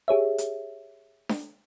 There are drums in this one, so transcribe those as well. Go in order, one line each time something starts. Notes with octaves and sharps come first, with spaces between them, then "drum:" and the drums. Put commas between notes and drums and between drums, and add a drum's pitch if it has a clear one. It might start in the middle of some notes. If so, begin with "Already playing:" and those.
G4 G#4 C#5 E5
drum: hi-hat
drum: snare D4